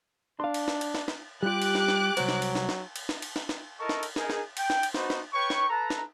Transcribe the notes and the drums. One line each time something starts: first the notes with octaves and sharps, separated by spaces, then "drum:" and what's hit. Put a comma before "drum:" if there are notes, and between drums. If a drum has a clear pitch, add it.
D4 F5 C6
drum: cymbal
drum: snare
drum: cymbal
drum: snare
drum: snare
G3 F4 G4 D6 F#6
drum: cymbal
drum: snare
drum: snare
C2 F#3 C5, drum: cymbal
drum: snare
drum: cymbal
drum: snare
drum: snare
drum: cymbal
drum: snare
drum: cymbal
drum: snare
drum: snare
E4 A4 A#4 D#5 A5 C#6
drum: snare
drum: cymbal
D#4 G#4 A#4, drum: snare
drum: snare
G5, drum: cymbal
drum: snare
drum: cymbal
B3 D#4 F#4 B4 C5, drum: snare
drum: snare
B4 C#5 G5 C#6
drum: snare
A4 B4 A5 A#5
drum: snare